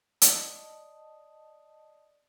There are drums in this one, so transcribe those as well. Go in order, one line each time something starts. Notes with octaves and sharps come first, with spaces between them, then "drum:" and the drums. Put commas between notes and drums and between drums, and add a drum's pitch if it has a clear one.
D5 D#5 A5 D#6, drum: hi-hat